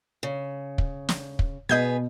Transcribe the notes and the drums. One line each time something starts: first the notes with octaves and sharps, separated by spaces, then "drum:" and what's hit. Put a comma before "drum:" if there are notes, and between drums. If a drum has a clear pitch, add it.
C#3
drum: kick
drum: snare
drum: kick
B2 B3 G#4 B4 D#5 G6 G#6